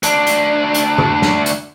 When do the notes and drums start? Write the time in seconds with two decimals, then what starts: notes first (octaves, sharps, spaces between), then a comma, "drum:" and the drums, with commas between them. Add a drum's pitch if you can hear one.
0.03 D2 D4, drum: hi-hat
0.27 drum: hi-hat
0.74 drum: hi-hat
0.98 drum: tom D3
1.22 drum: snare
1.46 drum: hi-hat